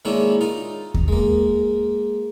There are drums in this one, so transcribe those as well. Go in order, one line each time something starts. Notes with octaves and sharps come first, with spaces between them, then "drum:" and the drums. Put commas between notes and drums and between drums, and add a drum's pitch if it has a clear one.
D#3 G#3 A#3 C#4 D4 E4
D#4 F4
drum: kick D#2
G#3 A#3